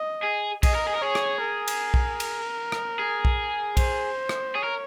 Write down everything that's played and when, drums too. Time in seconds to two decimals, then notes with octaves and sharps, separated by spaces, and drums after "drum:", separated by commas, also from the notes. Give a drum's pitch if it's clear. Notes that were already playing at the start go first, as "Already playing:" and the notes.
Already playing: D#5
0.24 G#4
0.63 G#4 D#5, drum: kick B1, cymbal
0.74 A#4
0.86 G#4
0.95 A#4
1.02 G#4 C#5
1.15 drum: rim click
1.41 A#4
1.68 drum: cymbal
1.94 drum: kick B1
2.20 drum: cymbal
2.72 drum: rim click
2.99 G#4
3.25 drum: kick B1
3.77 C5, drum: kick B1, cymbal
4.29 drum: rim click
4.55 G#4 C#5
4.64 A#4